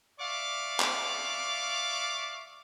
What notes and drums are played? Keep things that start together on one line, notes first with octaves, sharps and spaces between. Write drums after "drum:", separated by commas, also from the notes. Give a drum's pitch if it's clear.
D5 E5 F5 C#6 D6
drum: clap